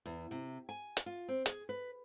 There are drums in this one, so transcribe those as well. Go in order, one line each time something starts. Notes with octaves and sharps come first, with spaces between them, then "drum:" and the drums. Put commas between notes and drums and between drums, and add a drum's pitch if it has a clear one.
E2
C3
G#5
drum: hi-hat
F4
C4
G#4, drum: hi-hat
B4